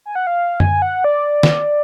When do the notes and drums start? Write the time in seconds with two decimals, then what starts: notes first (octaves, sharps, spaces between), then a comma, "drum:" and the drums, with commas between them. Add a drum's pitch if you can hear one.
0.06 G#5
0.15 F#5
0.27 F5
0.60 G#5, drum: tom F#2
0.82 F#5
1.04 D5
1.43 drum: snare